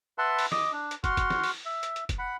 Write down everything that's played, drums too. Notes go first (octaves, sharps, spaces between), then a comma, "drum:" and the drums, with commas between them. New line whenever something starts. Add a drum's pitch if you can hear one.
B4 E5 F#5 A5 B5 C6
drum: open hi-hat
D#5 D6 D#6, drum: snare
D4
drum: hi-hat
F#4 F#5 C6 F6, drum: kick, hi-hat
drum: kick, hi-hat
drum: snare
drum: open hi-hat
E5
drum: hi-hat
drum: hi-hat
drum: kick, hi-hat
F#5 B5